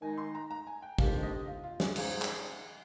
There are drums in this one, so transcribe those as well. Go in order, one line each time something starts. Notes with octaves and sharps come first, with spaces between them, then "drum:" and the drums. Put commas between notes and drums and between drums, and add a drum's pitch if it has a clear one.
D#3 G#3 D#4 G#5
C6
A#5
A#5
G#5
G5
F2 D#3 G#3 D4 G4 F5, drum: kick
D#5
F4
F4
G#4, drum: snare
G#2 F3 G#3 D#4 F4 G#4, drum: cymbal
drum: clap